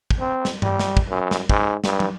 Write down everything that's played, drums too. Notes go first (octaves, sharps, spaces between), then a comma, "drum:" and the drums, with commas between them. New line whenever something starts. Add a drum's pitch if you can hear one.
drum: kick
C4
drum: snare
G3, drum: tom G2
drum: snare
drum: kick
F#2
drum: snare
G#2, drum: kick
G2, drum: snare
drum: tom